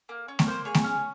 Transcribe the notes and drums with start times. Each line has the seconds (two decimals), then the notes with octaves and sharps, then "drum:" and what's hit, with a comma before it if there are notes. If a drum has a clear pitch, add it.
0.09 A#3
0.28 C#4
0.39 C#5, drum: snare A3
0.46 A#3 C5
0.65 G#4 C#5
0.74 drum: snare A3
0.84 C#4